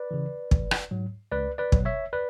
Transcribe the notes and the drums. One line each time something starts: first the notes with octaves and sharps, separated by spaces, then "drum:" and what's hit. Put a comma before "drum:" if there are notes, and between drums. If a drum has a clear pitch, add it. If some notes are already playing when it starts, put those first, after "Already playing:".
Already playing: B4 D5
C#3 E3
A1, drum: kick
drum: rim click
G#2 F#3
C#2 B4 D5
B4 D5
B2 F#3, drum: kick
C#5 E5
B4 D5